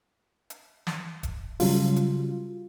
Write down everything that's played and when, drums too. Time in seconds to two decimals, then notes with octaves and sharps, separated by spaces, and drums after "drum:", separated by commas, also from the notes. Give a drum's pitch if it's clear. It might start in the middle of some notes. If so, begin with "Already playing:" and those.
0.50 drum: hi-hat
0.87 drum: snare
1.23 drum: kick D#1, hi-hat
1.60 C#3 F#3 G3 F4, drum: open hi-hat
1.96 drum: hi-hat